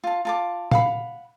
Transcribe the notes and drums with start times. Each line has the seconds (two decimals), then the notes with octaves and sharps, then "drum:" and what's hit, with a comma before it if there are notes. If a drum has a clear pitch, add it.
0.04 F4 A5
0.25 F4 A5 D6
0.71 F5 F#5 B5, drum: tom